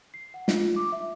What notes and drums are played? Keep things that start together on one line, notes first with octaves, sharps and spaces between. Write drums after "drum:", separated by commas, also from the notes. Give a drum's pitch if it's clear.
C7
F#5
F4, drum: snare
D6
E5